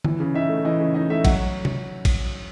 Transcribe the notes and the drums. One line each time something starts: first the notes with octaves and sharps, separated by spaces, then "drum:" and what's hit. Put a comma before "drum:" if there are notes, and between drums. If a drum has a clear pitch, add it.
E3, drum: tom D3
C#3
D#4 E5
A3
E3 D#5
C#3
D#4 D#5
A3 E5
F#3 F#5, drum: kick A1, cymbal
drum: tom C3
drum: kick A1, cymbal